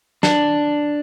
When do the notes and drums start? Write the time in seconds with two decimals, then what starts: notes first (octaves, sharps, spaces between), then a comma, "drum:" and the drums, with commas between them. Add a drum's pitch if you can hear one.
0.23 D4, drum: snare